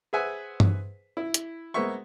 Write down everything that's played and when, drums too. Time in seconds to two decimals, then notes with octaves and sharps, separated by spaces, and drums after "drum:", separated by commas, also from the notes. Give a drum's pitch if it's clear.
0.13 G#4 B4 C5 E5 F#5 G#5
0.60 drum: tom G2
1.17 E4
1.34 drum: hi-hat
1.74 G#3 A#3 B3 C5 E5 C#6